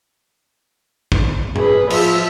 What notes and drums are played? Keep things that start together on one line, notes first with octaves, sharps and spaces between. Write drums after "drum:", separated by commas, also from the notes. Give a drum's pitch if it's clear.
drum: kick
G#4 B4, drum: tom A2
F3 E5, drum: cymbal